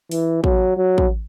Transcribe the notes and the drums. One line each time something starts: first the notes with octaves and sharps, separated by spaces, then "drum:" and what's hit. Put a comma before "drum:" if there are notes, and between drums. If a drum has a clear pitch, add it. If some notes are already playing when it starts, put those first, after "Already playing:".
E3, drum: open hi-hat
F#3, drum: kick
F#3
drum: kick